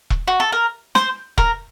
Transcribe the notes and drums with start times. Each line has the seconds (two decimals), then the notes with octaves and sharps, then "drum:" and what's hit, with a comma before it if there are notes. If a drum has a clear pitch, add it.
0.10 drum: kick E1
0.28 F#4
0.40 A4
0.52 A#4
0.95 C5, drum: snare
1.38 A#4, drum: kick E1